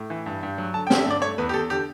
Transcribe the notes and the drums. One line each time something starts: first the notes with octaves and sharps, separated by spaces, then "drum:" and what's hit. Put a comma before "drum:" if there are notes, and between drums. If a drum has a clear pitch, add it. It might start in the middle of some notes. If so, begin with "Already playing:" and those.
Already playing: A2
E3
G2
G2
F#3
D3 A5
G5
D3, drum: snare
E5
G2 D5
A3 C#5
E2 B4
G4
E2 A4
D3 G4